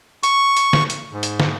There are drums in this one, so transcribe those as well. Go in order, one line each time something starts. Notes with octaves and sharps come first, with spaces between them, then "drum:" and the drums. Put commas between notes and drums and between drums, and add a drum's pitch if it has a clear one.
C#6, drum: hi-hat
drum: hi-hat
drum: snare
drum: hi-hat
G#2
drum: hi-hat
drum: snare